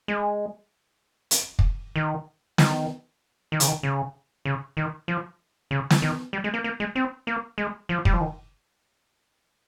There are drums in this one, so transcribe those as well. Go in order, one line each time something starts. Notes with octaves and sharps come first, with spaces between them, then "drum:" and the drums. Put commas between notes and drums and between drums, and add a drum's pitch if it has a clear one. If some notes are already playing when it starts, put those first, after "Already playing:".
G#3
drum: hi-hat
drum: kick
D#3
D#3, drum: snare
D#3
C#3, drum: hi-hat
D#3
C#3
C#3
D#3
F3
C#3
drum: snare
D#3
G3
G#3
A#3
A#3
G#3
C4
A#3
G#3
F3
G3, drum: kick
F3
D#3